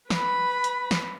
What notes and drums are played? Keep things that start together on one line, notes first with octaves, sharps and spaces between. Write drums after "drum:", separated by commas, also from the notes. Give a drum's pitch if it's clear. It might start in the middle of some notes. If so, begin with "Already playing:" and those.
B4 B5, drum: snare
drum: hi-hat
drum: snare